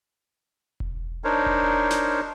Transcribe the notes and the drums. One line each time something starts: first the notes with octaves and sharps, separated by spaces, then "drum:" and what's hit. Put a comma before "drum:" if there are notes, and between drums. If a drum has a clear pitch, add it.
drum: kick E1
D4 D#4 A#4 C5 C#5
drum: kick E1
drum: snare